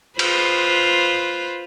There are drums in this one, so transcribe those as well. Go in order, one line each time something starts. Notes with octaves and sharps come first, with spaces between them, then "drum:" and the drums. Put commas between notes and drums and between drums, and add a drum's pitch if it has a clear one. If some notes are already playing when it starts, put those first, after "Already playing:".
F4 B4 C5, drum: cymbal